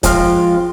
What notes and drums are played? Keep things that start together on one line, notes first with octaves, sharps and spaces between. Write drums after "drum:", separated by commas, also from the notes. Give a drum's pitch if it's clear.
F3 G#3 C4 F4, drum: kick, hi-hat